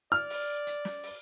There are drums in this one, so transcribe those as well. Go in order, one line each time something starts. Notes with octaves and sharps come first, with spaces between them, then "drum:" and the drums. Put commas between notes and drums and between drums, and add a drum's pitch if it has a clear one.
D5 F6
drum: open hi-hat
drum: hi-hat
drum: snare
drum: open hi-hat